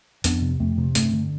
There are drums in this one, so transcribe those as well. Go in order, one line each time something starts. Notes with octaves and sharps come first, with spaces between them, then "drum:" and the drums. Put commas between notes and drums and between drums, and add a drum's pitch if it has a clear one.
F2 B3 D4, drum: hi-hat
C3
F2 A3 C4
C3
G2 A3 C4, drum: hi-hat
D3